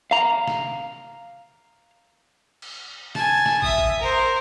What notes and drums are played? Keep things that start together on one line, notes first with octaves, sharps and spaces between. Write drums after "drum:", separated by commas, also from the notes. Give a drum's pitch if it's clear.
F5 A#5
drum: snare
drum: cymbal
G#5 A5, drum: snare
drum: snare
E5 D#6, drum: kick
drum: kick
A#4 C5